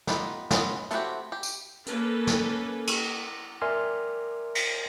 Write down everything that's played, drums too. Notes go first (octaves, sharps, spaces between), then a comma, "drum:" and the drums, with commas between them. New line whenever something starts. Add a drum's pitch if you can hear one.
B3 D#4 F4 G4 B4, drum: snare
B3 C#4 F4 D#5, drum: snare
A3 C4 E4 F#4 G4, drum: hi-hat
G4
drum: tambourine
A#3 C#4 A4 B4, drum: hi-hat
drum: snare
drum: cymbal
A#4 D5 E5 G#5 C6 F6
drum: cymbal